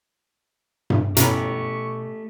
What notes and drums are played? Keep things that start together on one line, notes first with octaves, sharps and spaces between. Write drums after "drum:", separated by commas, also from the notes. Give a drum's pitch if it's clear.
drum: tom G2
B2 A3 B3 C#4 E4 G4 A#5 C#6, drum: hi-hat